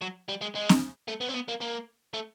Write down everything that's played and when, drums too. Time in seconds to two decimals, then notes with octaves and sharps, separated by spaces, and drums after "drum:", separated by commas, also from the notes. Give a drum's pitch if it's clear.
0.02 F#3
0.29 G3
0.42 G#3
0.56 G#3
0.69 drum: snare C4
1.08 A3
1.21 B3
1.29 C4
1.34 B3
1.48 A#3
1.61 A#3
2.14 A3